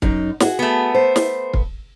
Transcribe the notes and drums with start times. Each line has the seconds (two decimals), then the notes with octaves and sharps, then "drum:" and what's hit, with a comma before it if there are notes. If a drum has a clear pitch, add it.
0.02 F#2 D#4, drum: kick
0.40 F#4 G#4, drum: snare
0.59 A3 B3
0.95 C5
1.16 drum: snare
1.54 drum: kick